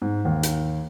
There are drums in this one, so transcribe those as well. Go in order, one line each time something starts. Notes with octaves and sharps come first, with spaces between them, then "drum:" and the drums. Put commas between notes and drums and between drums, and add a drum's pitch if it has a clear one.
G#2
D#2
drum: hi-hat